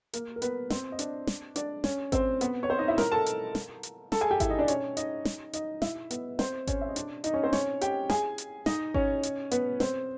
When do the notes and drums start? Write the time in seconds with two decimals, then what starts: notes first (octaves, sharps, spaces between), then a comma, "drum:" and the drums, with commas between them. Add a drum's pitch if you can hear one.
0.13 A#3 A#4, drum: hi-hat
0.36 A#4
0.42 B3 B4, drum: hi-hat
0.70 C4 C5, drum: snare
0.92 D#5
0.99 D4 D5, drum: hi-hat
1.27 drum: snare
1.56 D4 D5, drum: hi-hat
1.84 C#4 C#5, drum: snare
2.12 C4 C5, drum: kick G#1, hi-hat
2.41 B3 B4, drum: hi-hat
2.63 C#5
2.69 C4 C5
2.79 D#4 D#5
2.88 E4 E5
2.98 A#4 A#5, drum: snare
3.12 A4 A5
3.26 drum: hi-hat
3.55 drum: snare
3.83 drum: hi-hat
4.12 A4 A5, drum: snare
4.21 G#4 G#5
4.31 G4 G5
4.40 E4 E5, drum: kick G#1, hi-hat
4.49 D#4 D#5
4.59 D4 D5
4.68 C#4 C#5, drum: hi-hat
4.97 D#4 D#5, drum: hi-hat
5.25 drum: snare
5.53 D#4 D#5, drum: hi-hat
5.82 E4 E5, drum: snare
6.11 B3 B4, drum: hi-hat
6.39 C4 C5, drum: snare
6.67 C#4 C#5, drum: kick G#1, hi-hat
6.81 E5
6.89 D#5
6.96 D4 D5, drum: hi-hat
7.24 D#4 D#5, drum: hi-hat
7.34 C#4 C#5
7.43 C4 C5
7.53 C#4 C#5, drum: snare
7.81 G4 G5, drum: hi-hat
8.10 G#4 G#5, drum: snare
8.38 drum: hi-hat
8.66 D#4 D#5, drum: snare
8.94 C#4 C#5, drum: kick G#1
9.23 drum: hi-hat
9.51 B3 B4, drum: hi-hat
9.80 C4 C5, drum: snare